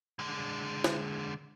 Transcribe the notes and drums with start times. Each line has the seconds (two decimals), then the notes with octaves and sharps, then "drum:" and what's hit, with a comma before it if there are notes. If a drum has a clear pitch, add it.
0.19 D3 G#3
0.84 drum: snare